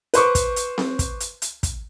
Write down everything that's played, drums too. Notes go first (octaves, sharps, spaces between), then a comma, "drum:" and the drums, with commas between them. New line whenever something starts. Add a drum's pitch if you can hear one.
B4 C5 C#6 D6, drum: hi-hat
drum: kick, hi-hat
drum: hi-hat
drum: snare C4
drum: kick, hi-hat
drum: hi-hat
drum: hi-hat
drum: kick, hi-hat